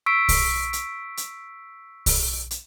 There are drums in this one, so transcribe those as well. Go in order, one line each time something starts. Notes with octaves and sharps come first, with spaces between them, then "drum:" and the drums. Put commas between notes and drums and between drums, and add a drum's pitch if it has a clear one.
C#6 E6 B6 C7 D7
drum: kick B1, open hi-hat
drum: hi-hat
drum: hi-hat
drum: kick B1, open hi-hat
drum: hi-hat